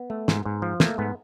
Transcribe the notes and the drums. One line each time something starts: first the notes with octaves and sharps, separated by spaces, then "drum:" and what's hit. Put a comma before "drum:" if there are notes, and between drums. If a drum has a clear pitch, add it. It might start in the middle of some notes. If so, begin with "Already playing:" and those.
Already playing: B3
A3
G#2, drum: snare
G#2
F3
A3 A#3, drum: snare
G#2 B3